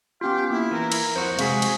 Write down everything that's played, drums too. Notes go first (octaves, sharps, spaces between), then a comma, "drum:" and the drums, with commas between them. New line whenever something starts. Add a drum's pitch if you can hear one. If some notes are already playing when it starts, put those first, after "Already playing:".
B3 C#4 F4 G4 F5
A#3 E4
E3 A#4
drum: cymbal
F2 F#4 C5
C3 G#3 F#4 G#4 F5 C#6 B6, drum: cymbal
drum: cymbal